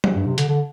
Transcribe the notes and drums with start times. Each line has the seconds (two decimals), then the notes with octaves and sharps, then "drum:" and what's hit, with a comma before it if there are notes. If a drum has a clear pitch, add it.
0.04 drum: tom F#3
0.15 G2
0.26 C3
0.38 D3, drum: hi-hat
0.49 D3